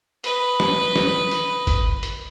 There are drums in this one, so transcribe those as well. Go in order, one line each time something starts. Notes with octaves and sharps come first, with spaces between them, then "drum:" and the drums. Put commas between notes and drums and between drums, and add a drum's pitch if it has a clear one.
B4 D#5, drum: hi-hat
drum: snare
drum: snare
drum: hi-hat
drum: kick G1, hi-hat
drum: hi-hat